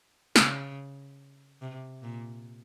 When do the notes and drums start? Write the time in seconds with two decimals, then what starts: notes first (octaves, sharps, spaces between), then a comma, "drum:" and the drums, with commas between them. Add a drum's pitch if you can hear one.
0.36 C#3, drum: snare
1.61 C3
2.03 A#2